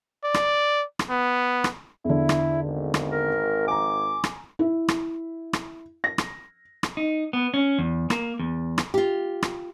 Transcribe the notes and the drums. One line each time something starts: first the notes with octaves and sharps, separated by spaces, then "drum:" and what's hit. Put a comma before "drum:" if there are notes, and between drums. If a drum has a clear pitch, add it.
D5
drum: rim click
drum: rim click
B3
drum: rim click
E2 D3 E4
drum: rim click
G#1
drum: rim click
A#4
G#5 A#5 D6
drum: rim click
E4
drum: rim click
drum: rim click
A#6
drum: rim click
drum: rim click
D#4
B3
C#4
E2
A#3, drum: rim click
E2
drum: rim click
F4 G4
drum: rim click